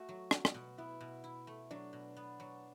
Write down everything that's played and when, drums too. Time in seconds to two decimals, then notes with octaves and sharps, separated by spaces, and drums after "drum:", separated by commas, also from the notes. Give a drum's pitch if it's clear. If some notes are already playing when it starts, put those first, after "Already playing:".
Already playing: A3 F#4
0.09 F#3
0.31 F#3, drum: rim click
0.45 drum: rim click
0.54 B2
0.78 B3 E4
1.01 B2
1.24 E4
1.47 A3
1.71 F#3 D4
1.93 B2
2.17 B3
2.40 F#3